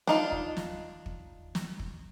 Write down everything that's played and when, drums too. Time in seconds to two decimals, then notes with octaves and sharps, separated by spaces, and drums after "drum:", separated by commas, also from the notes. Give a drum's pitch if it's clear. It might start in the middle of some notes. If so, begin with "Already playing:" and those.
0.07 D4 D#4 F4, drum: snare
0.32 drum: kick
0.57 drum: snare
1.06 drum: kick
1.55 drum: snare
1.79 drum: kick